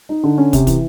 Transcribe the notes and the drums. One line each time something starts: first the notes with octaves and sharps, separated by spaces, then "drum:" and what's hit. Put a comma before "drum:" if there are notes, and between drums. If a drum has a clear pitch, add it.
D#4
D3
C#4
C3, drum: kick, hi-hat
E3, drum: kick, hi-hat